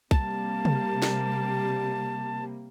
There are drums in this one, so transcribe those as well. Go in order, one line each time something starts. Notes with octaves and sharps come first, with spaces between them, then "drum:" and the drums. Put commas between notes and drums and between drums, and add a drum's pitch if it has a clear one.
C3 G3 A#3 A5, drum: kick
drum: tom C3
drum: snare